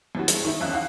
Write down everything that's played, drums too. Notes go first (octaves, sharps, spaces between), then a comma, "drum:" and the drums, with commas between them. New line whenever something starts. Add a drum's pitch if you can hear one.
F#2 E3 G3 F#4
G2 G#3, drum: hi-hat
D#3 D#4 E4
F2 C#4 F4 E5 F#6
F5 F#5